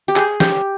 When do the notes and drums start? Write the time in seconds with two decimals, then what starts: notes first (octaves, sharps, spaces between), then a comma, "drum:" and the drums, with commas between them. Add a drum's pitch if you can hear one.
0.08 G4
0.16 G#4, drum: clap
0.40 G4, drum: snare